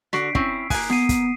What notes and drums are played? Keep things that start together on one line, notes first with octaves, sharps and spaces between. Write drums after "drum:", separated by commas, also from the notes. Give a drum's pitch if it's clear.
D3 F#4 B6 C7 D7, drum: rim click
C4 C#4 E4, drum: kick
A#3 G#5 D#6 F#6, drum: kick, open hi-hat
B3 D#6 C7 D#7, drum: rim click
drum: kick, hi-hat